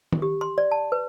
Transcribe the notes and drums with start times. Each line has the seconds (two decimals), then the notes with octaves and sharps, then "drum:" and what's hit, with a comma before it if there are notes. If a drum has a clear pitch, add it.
0.12 drum: tom D#3
0.22 G4
0.41 C6
0.58 D5
0.71 A5
0.92 B4